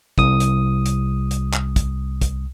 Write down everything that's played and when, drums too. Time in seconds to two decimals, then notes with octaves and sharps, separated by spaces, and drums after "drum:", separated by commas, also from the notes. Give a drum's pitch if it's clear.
0.18 C2 D#6, drum: kick
0.40 drum: hi-hat
0.86 drum: hi-hat
1.31 drum: hi-hat
1.54 drum: clap
1.76 drum: kick, hi-hat
2.21 drum: kick, hi-hat